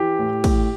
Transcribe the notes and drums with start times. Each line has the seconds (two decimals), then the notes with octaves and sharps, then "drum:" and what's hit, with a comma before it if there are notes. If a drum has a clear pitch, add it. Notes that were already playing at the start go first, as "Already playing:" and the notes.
Already playing: E3 G4
0.19 A2
0.44 A2, drum: kick, cymbal